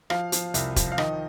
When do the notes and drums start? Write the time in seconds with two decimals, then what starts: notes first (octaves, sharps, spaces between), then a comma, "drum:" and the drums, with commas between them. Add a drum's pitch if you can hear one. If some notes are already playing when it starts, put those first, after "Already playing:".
0.10 F3 F5, drum: rim click
0.32 F3, drum: hi-hat
0.54 C2, drum: hi-hat
0.76 F3, drum: kick E1, hi-hat
0.92 F5
0.98 D#3 D#5, drum: rim click